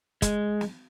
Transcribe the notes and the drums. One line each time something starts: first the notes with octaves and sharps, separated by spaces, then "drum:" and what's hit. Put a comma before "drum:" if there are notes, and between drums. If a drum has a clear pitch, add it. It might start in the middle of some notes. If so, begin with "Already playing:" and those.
G#3, drum: kick, hi-hat
drum: snare